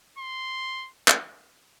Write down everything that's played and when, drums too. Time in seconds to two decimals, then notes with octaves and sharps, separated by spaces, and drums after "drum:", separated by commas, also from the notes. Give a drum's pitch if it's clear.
0.19 C6
1.08 drum: clap